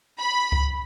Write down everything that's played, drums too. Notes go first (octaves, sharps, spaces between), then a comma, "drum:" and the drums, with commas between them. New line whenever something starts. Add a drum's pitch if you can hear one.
B5
drum: kick C#2